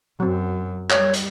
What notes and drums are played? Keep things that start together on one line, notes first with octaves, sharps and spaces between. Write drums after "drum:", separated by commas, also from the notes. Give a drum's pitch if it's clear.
F#2 F#3 C4
G3 C#5, drum: clap
drum: hi-hat